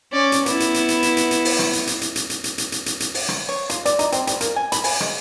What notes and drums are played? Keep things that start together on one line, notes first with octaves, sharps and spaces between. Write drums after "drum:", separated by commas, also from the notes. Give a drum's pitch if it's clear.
C#4 D5
drum: hi-hat
B3 E4, drum: hi-hat
drum: hi-hat
drum: hi-hat
drum: hi-hat
drum: hi-hat
drum: hi-hat
drum: hi-hat
drum: open hi-hat
drum: rim click
drum: hi-hat
drum: hi-hat
drum: hi-hat
drum: hi-hat
drum: hi-hat
drum: hi-hat
drum: hi-hat
drum: hi-hat
drum: hi-hat
drum: hi-hat
drum: open hi-hat
drum: rim click
C#5
F4, drum: hi-hat
D5, drum: hi-hat
D#4, drum: hi-hat
C4, drum: hi-hat
G3, drum: hi-hat
A#3, drum: hi-hat
G#5
B5, drum: hi-hat
G#5, drum: open hi-hat
G#3, drum: rim click